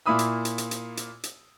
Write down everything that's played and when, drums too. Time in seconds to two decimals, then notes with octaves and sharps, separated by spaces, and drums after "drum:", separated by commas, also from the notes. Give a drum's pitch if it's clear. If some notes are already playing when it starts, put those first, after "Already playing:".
0.06 A#2 A#3 E4 B5 D#6 E6
0.19 drum: hi-hat
0.45 drum: hi-hat
0.58 drum: hi-hat
0.71 drum: hi-hat
0.97 drum: hi-hat
1.23 drum: hi-hat